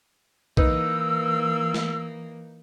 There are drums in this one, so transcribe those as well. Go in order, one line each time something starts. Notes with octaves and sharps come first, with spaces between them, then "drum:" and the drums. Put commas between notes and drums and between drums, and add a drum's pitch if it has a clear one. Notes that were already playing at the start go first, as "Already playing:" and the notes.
E3 A#3 D#4 B4 E6, drum: kick
drum: snare